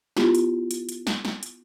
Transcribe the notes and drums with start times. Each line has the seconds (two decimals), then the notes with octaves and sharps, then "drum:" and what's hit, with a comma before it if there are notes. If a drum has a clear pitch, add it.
0.17 B3 E4 F4 G4, drum: snare
0.35 drum: hi-hat
0.71 drum: hi-hat
0.89 drum: hi-hat
1.07 drum: snare
1.25 drum: snare
1.43 drum: hi-hat